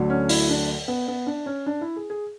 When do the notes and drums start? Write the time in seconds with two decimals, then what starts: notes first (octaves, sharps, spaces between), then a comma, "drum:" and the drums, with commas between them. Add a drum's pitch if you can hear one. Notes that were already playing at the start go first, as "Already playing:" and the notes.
Already playing: D2 D3 F#3
0.10 C#4
0.29 E4, drum: open hi-hat
0.49 D4
0.88 B3
1.08 B3
1.27 D4
1.46 C#4
1.66 D4
1.81 E4
1.96 G#4
2.10 G#4